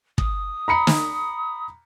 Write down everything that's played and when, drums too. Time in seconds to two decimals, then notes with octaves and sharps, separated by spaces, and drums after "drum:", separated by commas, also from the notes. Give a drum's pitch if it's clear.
0.18 D#6, drum: kick
0.68 A#5 B5 C#7
0.87 drum: snare